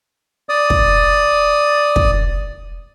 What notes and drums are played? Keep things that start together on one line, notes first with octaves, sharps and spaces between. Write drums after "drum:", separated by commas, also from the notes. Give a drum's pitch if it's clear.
D5 D#6
drum: kick
drum: kick